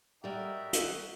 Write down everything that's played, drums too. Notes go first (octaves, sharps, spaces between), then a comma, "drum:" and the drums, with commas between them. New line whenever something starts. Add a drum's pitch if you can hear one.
G3 D#4 F#4 A#4 E5
drum: hi-hat